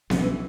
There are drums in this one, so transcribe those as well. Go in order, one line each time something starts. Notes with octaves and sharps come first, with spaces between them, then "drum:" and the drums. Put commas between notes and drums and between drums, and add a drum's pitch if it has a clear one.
C2 C3 G3 C#4, drum: snare B3
E3